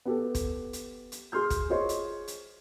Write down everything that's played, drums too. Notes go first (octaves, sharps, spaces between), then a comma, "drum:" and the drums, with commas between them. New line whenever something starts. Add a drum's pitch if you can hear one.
B3 G4 A4
drum: kick, hi-hat
drum: hi-hat
drum: hi-hat
G#4 C6 F6 G6
drum: kick, hi-hat
F4 G#4 C5 C#5 D#5 C6
drum: hi-hat
drum: hi-hat